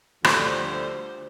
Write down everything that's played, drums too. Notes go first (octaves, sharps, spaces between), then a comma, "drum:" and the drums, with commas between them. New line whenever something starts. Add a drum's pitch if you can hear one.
D2 D3 F3 G3 C5, drum: rim click